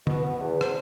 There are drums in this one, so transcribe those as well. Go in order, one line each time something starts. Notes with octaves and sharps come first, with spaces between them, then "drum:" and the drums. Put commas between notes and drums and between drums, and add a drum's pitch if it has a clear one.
B2, drum: tom
B3
E2
C5, drum: rim click